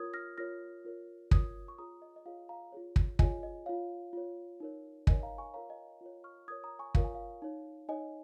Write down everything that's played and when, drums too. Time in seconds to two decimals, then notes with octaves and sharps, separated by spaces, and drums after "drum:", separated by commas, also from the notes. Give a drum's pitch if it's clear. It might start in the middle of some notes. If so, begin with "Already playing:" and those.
Already playing: F4 A#4 C#5 D#6 G#6
0.14 F6 A#6
0.37 F4 A#4 C#5 F6 A#6
0.85 F4 A#4 C#5
1.31 F4 A#4 C#5 D#6 G#6, drum: kick
1.68 C#6
1.78 F4 G#4 C#5 A#5 D#6
2.02 D#5
2.16 D#5
2.25 F4 G#4 C#5 F5
2.49 F5 A#5
2.72 F4 G#4 C#5
2.96 drum: kick
3.19 F4 G#4 C#5 D#5 G#5, drum: kick
3.43 D#5
3.66 F4 C#5 F5
4.13 F4 C#5
4.60 D#4 A#4 C#5
5.07 D#4 A#4 C#5 D#5 G#5, drum: kick
5.23 F5 A#5
5.38 G#5 C#6
5.54 F4 A#4 C#5 F5 A#5
5.69 D#5 G#5
6.01 F4 A#4 C#5
6.24 C#6 F6
6.48 F4 A#4 C#5 D#6 G#6
6.64 A#5 D#6
6.79 G#5 C#6
6.95 F4 A#4 C#5 F5, drum: kick
7.04 G#5
7.15 F5
7.42 D#4 C#5
7.89 D#4 C#5 D#5 G#5